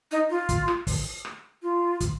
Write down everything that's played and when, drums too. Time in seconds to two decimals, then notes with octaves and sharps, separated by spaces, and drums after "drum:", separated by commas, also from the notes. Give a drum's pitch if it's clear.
0.11 D#4
0.30 F4
0.49 drum: kick, hi-hat
0.68 drum: rim click
0.87 drum: kick, open hi-hat
1.25 drum: rim click
1.62 F4
2.01 drum: kick, hi-hat